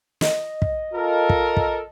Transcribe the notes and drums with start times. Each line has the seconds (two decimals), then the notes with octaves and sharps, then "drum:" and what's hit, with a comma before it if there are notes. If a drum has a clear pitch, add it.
0.21 D#5, drum: snare
0.62 drum: kick
0.94 F4 A4 A#4
1.29 drum: kick
1.57 drum: kick